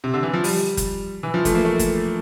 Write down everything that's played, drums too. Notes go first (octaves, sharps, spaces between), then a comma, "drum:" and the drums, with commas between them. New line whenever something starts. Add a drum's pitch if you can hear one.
C3
D3
E3
F3
G3, drum: open hi-hat
drum: kick F#1, hi-hat
E3
F3
A3, drum: kick F#1, hi-hat
A#3
A3
drum: kick F#1, hi-hat